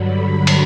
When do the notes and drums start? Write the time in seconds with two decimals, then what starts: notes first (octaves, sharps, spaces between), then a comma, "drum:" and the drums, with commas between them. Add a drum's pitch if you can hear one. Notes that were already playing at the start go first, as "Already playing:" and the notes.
Already playing: G2 D3 F#3 B5
0.47 drum: cymbal